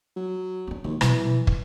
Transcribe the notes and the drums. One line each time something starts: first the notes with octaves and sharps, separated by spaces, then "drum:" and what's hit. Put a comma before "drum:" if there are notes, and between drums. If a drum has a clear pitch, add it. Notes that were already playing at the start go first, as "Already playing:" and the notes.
F#3
C#4 D4
D#2 F3
B2 E3 F#3, drum: rim click
F3
drum: kick